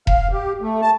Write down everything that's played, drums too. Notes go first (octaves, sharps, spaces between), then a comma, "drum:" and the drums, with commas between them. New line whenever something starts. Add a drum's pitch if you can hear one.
F5, drum: kick E1
G4
A3
A5